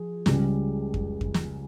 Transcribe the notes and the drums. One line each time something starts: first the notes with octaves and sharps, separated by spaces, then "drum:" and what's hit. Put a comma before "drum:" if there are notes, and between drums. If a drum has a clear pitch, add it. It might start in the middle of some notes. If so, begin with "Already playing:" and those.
Already playing: F3 G#4
C#2 C#3 G3, drum: snare
drum: kick F2
drum: kick F2
drum: snare